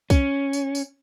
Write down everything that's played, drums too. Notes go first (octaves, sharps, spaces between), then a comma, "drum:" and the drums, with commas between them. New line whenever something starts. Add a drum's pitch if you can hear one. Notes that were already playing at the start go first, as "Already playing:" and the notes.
C#4, drum: kick C2, tambourine
drum: tambourine
drum: tambourine